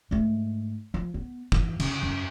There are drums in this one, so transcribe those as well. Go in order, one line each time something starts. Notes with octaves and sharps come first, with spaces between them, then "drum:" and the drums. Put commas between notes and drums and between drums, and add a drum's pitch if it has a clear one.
G#2 A3
F3
B3
E3, drum: kick
C#3, drum: cymbal
F#2